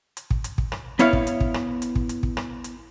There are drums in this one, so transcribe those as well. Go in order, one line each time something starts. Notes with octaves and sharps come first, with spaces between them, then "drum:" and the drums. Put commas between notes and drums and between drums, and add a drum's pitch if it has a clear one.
drum: hi-hat
drum: kick
drum: hi-hat
drum: kick
drum: rim click
B3 E4 C#5 F5, drum: hi-hat
drum: kick
drum: hi-hat
drum: kick
drum: rim click
drum: hi-hat
drum: kick
drum: hi-hat
drum: kick
drum: rim click
drum: hi-hat